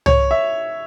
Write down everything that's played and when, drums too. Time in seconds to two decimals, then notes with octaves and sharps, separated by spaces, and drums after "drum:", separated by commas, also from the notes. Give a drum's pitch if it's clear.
0.06 C#5, drum: tom C2
0.31 E5